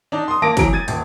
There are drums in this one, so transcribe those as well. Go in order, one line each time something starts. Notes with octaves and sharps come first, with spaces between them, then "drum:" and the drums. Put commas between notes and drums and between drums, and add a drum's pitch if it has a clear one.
D4 D#4 D5
C6 D#6
A#3 A5 D6 A#6 D7
C3 E3 F#3 A#5 D7, drum: kick, hi-hat
G#6 A6 D#7
D#1, drum: hi-hat